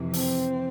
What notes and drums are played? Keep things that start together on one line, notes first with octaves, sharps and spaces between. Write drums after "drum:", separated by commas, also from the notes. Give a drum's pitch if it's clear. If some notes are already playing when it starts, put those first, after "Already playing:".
Already playing: F2 C3 E3
C4, drum: open hi-hat